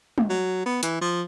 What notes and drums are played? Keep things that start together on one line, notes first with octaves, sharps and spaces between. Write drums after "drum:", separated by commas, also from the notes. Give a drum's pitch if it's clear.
drum: tom G3
F#3
B3
E3, drum: hi-hat
F3